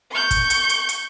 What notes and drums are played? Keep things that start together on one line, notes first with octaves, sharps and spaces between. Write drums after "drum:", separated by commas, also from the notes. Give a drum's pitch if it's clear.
C#6 G6
drum: kick, hi-hat
drum: hi-hat
drum: hi-hat
drum: hi-hat